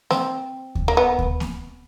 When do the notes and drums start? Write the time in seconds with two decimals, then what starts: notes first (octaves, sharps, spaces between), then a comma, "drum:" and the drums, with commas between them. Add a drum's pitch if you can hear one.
0.11 C4, drum: snare A#3
0.75 drum: kick D2
0.88 A#3
0.97 B3
1.19 drum: kick D2
1.40 drum: snare A#3